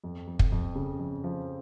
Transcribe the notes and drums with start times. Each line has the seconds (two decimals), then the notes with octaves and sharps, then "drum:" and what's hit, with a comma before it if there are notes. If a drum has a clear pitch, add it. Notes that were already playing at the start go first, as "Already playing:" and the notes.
0.04 F2
0.27 F2
0.39 drum: kick
0.52 F2
0.75 C#3
0.99 F2
1.24 F3